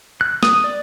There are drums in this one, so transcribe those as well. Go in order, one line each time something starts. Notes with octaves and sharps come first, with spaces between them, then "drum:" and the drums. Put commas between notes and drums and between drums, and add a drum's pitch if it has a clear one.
F#6
D#6, drum: snare
D5